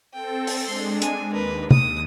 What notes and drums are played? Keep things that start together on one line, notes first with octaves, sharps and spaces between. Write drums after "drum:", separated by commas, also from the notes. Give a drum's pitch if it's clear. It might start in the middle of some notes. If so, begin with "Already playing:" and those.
C4 A4 G5
drum: open hi-hat
G#3 D4 C6
G#5, drum: hi-hat
D#2 A#4 B4
D#6, drum: tom